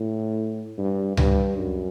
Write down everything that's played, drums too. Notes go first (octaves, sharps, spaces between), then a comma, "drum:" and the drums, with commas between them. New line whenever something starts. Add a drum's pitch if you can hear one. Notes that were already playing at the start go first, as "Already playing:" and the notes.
Already playing: A2
G2
G2, drum: tom C#2
F#2